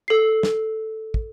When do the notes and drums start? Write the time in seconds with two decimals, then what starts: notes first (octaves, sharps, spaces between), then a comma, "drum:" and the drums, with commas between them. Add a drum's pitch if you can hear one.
0.08 A4 C7
0.43 drum: snare
1.14 drum: kick